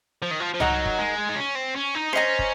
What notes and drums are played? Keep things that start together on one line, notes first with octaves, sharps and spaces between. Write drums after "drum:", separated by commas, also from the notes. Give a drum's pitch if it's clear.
F3
D#3
F3
F3
F#3 D#4 A#4 D#5 F#5, drum: tom C2
drum: kick
G#3
D#4
C#4
C4
C#4
D#4
C#4 C5 D#5 A#5
drum: kick